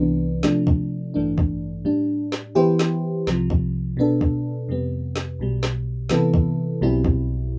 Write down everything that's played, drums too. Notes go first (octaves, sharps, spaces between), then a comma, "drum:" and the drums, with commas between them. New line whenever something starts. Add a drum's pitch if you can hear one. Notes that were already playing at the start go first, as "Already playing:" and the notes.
Already playing: C2 C3 E3 B3 D4
C3 F3 A3 D4, drum: snare
drum: kick
A1 G2 E3 A3 D4
drum: kick
A2 G3 D4
drum: snare
E3 B3 E4 G4 C5
drum: snare
C2 C3 F3, drum: snare
drum: kick
B2 B3 D4 A4
drum: kick
F2 C3 G3 B3
drum: snare
B1 B2 G3
drum: snare
C3 E3 B3 E4 A4, drum: snare
drum: kick
B1 B2 G3 C4 E4
drum: kick